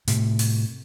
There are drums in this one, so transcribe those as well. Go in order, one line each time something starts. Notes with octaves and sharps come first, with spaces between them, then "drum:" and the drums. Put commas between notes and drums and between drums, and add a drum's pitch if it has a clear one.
A2 C3, drum: hi-hat
drum: open hi-hat